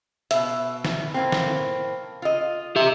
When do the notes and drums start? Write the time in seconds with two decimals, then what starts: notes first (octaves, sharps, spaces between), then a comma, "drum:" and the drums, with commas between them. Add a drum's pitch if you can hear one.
0.31 B2 E5, drum: hi-hat
0.85 drum: snare
1.14 A2 A#3 C4
1.32 drum: snare
2.22 F4 D#5
2.76 G4 E5